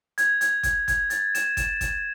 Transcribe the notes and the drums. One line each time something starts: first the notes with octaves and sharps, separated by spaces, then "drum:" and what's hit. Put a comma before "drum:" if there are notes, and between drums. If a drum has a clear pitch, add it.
G#6, drum: hi-hat
G#6, drum: hi-hat
G#6, drum: kick G1, hi-hat
G#6, drum: kick G1, hi-hat
A6, drum: hi-hat
E7, drum: hi-hat
E7, drum: kick G1, hi-hat
drum: kick G1, hi-hat